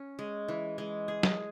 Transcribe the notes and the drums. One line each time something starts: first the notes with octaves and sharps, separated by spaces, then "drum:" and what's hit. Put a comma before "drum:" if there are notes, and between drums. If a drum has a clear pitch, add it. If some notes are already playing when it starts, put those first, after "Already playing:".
Already playing: C#4
G#3
E3
G#3
G#4
drum: snare